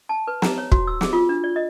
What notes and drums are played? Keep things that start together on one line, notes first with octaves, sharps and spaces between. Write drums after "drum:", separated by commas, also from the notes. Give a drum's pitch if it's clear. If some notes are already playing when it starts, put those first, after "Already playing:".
A5
B4
A#5, drum: snare
C#5
F#4, drum: kick
E6
G#4, drum: snare
F4
D4
D5
D#5